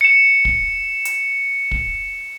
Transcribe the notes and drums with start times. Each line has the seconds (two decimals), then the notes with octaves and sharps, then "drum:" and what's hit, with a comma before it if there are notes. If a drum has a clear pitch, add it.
0.01 C#7 E7
0.45 drum: kick
1.05 drum: hi-hat
1.71 drum: kick